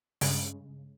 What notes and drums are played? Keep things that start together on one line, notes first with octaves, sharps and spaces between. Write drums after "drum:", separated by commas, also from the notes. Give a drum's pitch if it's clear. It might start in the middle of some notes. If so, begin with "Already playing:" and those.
G2 C#3 G#3, drum: open hi-hat